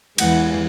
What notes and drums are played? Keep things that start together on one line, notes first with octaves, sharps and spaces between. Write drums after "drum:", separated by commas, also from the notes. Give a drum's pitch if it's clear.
E2 E3 G#3 F#5, drum: cymbal